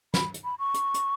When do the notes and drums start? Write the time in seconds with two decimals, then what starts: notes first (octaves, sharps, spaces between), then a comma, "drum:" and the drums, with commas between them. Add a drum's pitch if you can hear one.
0.14 B5, drum: snare
0.34 drum: hi-hat
0.44 B5
0.59 C#6
0.74 drum: hi-hat
0.94 drum: hi-hat